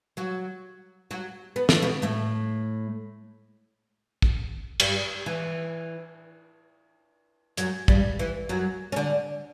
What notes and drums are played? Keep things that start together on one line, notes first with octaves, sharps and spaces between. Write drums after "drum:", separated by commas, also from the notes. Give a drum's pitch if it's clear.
F#3 F#4
F#3 F#4
B3
A3, drum: snare
B2 B3
A2 A3
drum: kick
G2 G3, drum: cymbal
E3
F#2 F#3, drum: hi-hat
G2 G3, drum: kick
E3
F#2 F#3
C#4
D3 D4